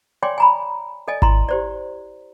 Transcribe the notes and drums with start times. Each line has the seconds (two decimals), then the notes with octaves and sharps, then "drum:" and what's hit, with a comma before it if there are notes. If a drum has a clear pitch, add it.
0.23 C#5 D5 G5 G#5 C6 D6
0.38 G#5 A#5 B5
1.08 A4 D5 D#5 G#5
1.22 E4 A#5 C6, drum: kick G#1
1.49 G4 C5 D5